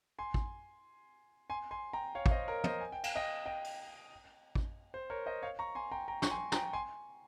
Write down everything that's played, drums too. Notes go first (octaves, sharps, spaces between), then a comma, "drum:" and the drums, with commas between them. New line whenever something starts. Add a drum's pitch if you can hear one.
G#5 C6
drum: kick
G#5 C6
G#5 C6
G5 A#5
C#5 F5
F5, drum: kick
C5 D#5
A#4 C#5
C5 D#5, drum: tom
G#5
G5
F5, drum: cymbal
D#5 G5
D#5 G5
drum: open hi-hat
drum: kick
C5
A#4 C#5
C5 D#5
C#5 F5
A#5 C#6
G#5 C6
G5 A#5
G5 A#5
C#6, drum: snare
G#5 C6
G5 A#5, drum: snare
G#5 C6